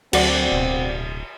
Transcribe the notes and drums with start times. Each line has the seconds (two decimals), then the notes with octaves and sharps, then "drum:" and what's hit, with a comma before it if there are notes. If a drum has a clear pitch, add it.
0.13 D2 F#3 C4 F#4 D5 F#5, drum: cymbal
0.52 D1 B2